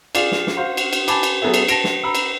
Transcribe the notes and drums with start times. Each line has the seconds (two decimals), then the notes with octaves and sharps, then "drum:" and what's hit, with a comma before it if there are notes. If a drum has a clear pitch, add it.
0.15 F4 G#4 D5 F5, drum: cymbal
0.32 drum: snare
0.47 drum: snare
0.57 F#4 C5 F5
0.77 drum: cymbal
0.93 drum: cymbal
1.08 G#5 A5 B5 D6, drum: cymbal
1.23 drum: cymbal
1.42 F#3 B3 G#4 A4 E5
1.54 drum: cymbal
1.68 A5 A#6 D7, drum: cymbal
1.84 drum: snare
2.04 A#5 B5 E6
2.15 drum: cymbal